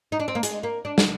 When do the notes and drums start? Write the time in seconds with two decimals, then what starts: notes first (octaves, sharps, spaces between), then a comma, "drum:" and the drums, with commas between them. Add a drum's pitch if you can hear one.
0.12 D#4
0.20 D4
0.28 C4
0.35 A#3
0.43 G#3, drum: hi-hat
0.63 A#3
0.85 D4
0.98 drum: snare